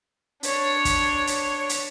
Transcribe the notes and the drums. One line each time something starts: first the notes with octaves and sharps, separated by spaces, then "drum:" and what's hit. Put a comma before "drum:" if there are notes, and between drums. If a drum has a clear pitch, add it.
D4 C#5, drum: hi-hat
drum: kick, hi-hat
drum: hi-hat
drum: hi-hat